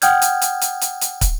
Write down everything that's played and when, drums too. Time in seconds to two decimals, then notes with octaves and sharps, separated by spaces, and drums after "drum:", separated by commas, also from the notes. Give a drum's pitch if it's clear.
0.02 F#5 G5 D#6 F6 G6 G#6, drum: hi-hat
0.22 drum: hi-hat
0.42 drum: hi-hat
0.61 drum: hi-hat
0.81 drum: hi-hat
1.01 drum: hi-hat
1.21 drum: kick, hi-hat